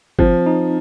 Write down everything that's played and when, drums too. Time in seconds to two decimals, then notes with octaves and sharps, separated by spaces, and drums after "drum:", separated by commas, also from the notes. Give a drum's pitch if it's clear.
0.19 F3 C4, drum: kick G1
0.46 D#4